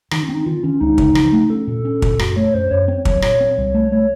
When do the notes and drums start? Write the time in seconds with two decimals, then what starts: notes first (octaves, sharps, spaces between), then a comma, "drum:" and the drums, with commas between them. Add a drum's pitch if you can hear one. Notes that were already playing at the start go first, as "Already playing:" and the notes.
0.11 D#3 D#4, drum: rim click
0.23 C#4
0.29 C4
0.34 D#4
0.46 D#3 F4
0.63 D#3 C#4
0.80 C#2 D#4
0.98 C#3, drum: kick
1.15 F3, drum: rim click
1.33 A3
1.50 C#4 A4
1.67 A#2
1.85 C#4
2.02 A#2, drum: kick
2.19 F#2 F#4, drum: rim click
2.36 A3 C#5
2.54 F#2 C5
2.71 F#2 C#5
2.88 C4 C#5
3.05 F#3 C#5, drum: kick
3.22 A#2 C#5, drum: rim click
3.40 C4
3.58 C2
3.74 A3
3.92 A3 C#5